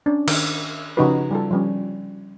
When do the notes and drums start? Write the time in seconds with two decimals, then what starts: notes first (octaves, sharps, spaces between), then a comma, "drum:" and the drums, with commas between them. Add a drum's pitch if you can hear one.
0.06 C#4 D4
0.27 D#3, drum: cymbal
0.97 C#3 F3 D#4 F#4 G4 B4
1.31 G3 F4 A4
1.51 F3 G3 C#4